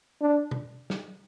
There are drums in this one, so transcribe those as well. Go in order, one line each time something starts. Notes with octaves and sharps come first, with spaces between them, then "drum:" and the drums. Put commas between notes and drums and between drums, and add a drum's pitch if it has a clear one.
D4
drum: tom B2
drum: snare